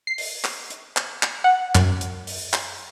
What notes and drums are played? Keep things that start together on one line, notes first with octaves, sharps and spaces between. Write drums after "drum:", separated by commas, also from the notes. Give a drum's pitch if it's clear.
C7
drum: open hi-hat
drum: clap
drum: hi-hat
drum: clap
drum: clap
F#5
F#2, drum: clap
drum: hi-hat
drum: open hi-hat
drum: clap